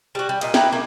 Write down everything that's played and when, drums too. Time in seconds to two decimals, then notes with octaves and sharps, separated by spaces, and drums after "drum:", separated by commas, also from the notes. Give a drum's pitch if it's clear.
0.15 G3 F#4
0.29 G3
0.41 A#2 D#5, drum: cymbal
0.54 E4 G4 B4 A#5, drum: snare
0.72 A3 A#3 E4